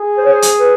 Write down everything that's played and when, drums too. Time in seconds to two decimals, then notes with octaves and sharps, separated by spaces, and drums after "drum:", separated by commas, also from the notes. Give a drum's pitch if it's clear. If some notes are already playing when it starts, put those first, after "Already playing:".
Already playing: G#4
0.18 C5
0.25 C#5
0.33 C5
0.42 drum: hi-hat
0.59 B4